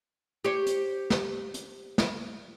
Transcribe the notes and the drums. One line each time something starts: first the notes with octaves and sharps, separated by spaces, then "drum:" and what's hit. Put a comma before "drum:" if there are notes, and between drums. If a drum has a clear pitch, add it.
G4 C5 C#5
drum: hi-hat
drum: snare
drum: hi-hat
drum: snare